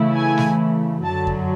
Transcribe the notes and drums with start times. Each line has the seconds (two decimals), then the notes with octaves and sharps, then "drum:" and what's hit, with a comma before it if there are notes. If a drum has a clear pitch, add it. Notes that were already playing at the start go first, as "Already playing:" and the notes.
Already playing: C#3 E3 A3 E4
0.15 G#5
0.38 drum: snare
1.04 F#2 D3 F#3 A5
1.27 drum: kick F2